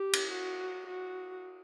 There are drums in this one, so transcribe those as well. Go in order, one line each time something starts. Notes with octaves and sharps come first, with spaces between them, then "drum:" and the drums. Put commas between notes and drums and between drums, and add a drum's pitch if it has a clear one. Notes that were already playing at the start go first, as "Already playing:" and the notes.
Already playing: G4
drum: cymbal
F#4
F#4